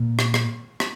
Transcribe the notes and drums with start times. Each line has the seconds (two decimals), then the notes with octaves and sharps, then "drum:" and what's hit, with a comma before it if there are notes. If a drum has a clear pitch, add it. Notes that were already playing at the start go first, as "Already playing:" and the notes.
Already playing: A#2
0.19 drum: rim click
0.34 drum: rim click
0.80 drum: rim click